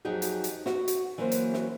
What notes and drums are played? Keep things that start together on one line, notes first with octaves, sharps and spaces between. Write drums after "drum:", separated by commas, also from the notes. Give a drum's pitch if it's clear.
F2 F#3 D#4 G4 G#4
drum: hi-hat
drum: hi-hat
F#4, drum: snare
drum: hi-hat
E3 F#3 A#3 C#4 F#4 C5
drum: hi-hat
drum: snare